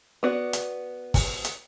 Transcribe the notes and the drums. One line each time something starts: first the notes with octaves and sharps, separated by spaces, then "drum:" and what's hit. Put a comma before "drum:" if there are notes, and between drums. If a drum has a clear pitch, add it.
B3 F#4 D5
drum: hi-hat
drum: kick, open hi-hat
drum: hi-hat